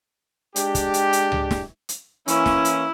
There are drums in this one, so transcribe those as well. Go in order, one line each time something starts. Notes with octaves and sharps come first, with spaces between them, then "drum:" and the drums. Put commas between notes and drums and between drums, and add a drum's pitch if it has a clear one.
G#3 D4 G4, drum: hi-hat
drum: kick, hi-hat
drum: hi-hat
drum: hi-hat
drum: tom C#2
drum: snare
drum: hi-hat
E3 A#3 C#4 E4, drum: hi-hat
drum: snare
drum: hi-hat